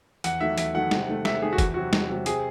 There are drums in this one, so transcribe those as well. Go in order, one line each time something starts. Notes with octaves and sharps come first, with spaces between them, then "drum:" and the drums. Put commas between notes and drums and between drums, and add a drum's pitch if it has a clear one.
E2 F#5, drum: hi-hat
D#3 F#3 A3 E5
E2 E5, drum: hi-hat
D#3 F#3 A3 F#5
C3, drum: snare
D#3 A3
C3 E5, drum: snare
D#3 A3 G#4
F#4
E2, drum: kick, hi-hat
C3 F#3 F#4
E2, drum: snare
C3 F#3
C3 G#4, drum: hi-hat